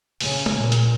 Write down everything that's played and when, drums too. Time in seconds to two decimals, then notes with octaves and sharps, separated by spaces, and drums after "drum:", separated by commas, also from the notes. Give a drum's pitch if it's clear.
0.20 C#3, drum: open hi-hat
0.46 drum: tom
0.58 A#2
0.72 drum: hi-hat